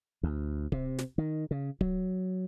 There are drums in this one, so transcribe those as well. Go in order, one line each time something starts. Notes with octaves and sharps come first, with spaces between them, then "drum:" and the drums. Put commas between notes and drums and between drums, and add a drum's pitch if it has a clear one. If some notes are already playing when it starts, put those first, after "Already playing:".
D2
C3, drum: kick D1
drum: snare
D#3
C#3
F#3, drum: kick D1